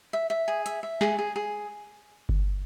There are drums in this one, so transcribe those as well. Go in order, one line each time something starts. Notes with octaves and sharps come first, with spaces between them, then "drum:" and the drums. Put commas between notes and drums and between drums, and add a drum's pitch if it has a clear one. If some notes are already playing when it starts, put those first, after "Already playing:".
E5
E5
G#4
E5, drum: hi-hat
E5
G#4, drum: snare
G#4
G#4
drum: kick G1